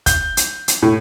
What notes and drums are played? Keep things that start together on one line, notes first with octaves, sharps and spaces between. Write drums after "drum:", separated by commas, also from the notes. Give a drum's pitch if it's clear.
G6, drum: kick, hi-hat
drum: hi-hat
drum: hi-hat
A2